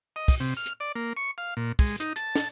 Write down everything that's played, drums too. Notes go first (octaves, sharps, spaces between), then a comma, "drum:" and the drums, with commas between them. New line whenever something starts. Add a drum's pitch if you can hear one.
D#5
drum: kick, open hi-hat
C3
F6
drum: hi-hat
D5
A#3
C#6
F5
A#2
G#3, drum: kick, open hi-hat
D#4, drum: hi-hat
A5, drum: hi-hat
drum: snare